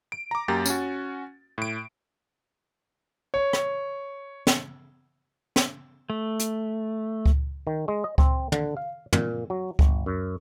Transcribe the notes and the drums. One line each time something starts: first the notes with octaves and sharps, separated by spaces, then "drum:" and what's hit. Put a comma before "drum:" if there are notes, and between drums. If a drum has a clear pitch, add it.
D7
A#5 D6
F#2 A#3 G4 G5 A#5 A6
C#4 F#4, drum: tambourine
A2 D7
C#5
drum: rim click
drum: snare
drum: snare
A3
drum: hi-hat
drum: kick C#2
D#3
G#3
D#5
C4, drum: kick C#2
D3, drum: tom
F5
A#2, drum: tom
F#3
G1, drum: kick C#2
F#2